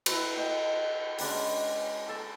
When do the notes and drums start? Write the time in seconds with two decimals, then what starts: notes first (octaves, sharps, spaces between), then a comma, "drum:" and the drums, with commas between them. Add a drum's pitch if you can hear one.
0.06 E4 B4, drum: cymbal
0.36 D#5 G5
1.19 G#3 C#4 D4 B5, drum: open hi-hat
2.08 A4 A5